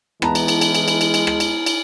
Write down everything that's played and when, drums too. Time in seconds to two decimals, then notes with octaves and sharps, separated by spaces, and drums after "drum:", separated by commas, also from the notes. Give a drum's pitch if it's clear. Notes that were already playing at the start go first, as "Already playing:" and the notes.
0.22 E3 G#3 B3 E4 A5 A#5, drum: rim click
0.35 drum: cymbal
0.48 drum: cymbal
0.61 drum: cymbal
0.75 drum: cymbal
0.88 drum: cymbal
1.01 drum: cymbal
1.14 drum: cymbal
1.27 drum: rim click
1.40 drum: cymbal
1.66 drum: cymbal